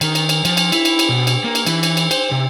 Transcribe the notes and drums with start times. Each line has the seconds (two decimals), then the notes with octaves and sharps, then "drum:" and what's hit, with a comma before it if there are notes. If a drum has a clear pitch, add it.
0.01 D#3, drum: cymbal
0.15 drum: cymbal
0.29 drum: cymbal
0.45 F3, drum: cymbal
0.57 drum: cymbal
0.72 E4, drum: cymbal
0.85 drum: cymbal
0.99 drum: cymbal
1.09 B2
1.27 drum: cymbal
1.44 A#3
1.55 drum: cymbal
1.66 E3, drum: cymbal
1.83 drum: cymbal
1.97 drum: cymbal
2.11 C5, drum: cymbal
2.31 C3